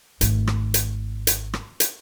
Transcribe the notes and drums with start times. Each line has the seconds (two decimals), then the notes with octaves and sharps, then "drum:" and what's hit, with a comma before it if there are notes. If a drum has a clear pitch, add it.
0.21 G#1 A3, drum: hi-hat
0.47 drum: rim click
0.74 drum: hi-hat
1.27 drum: hi-hat
1.53 drum: rim click
1.80 drum: hi-hat